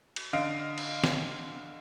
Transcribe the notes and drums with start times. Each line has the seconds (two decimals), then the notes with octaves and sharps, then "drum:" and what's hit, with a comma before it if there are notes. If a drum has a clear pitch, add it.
0.16 drum: cymbal
0.33 D3 D#5 F5 D7
0.78 drum: cymbal
1.04 drum: snare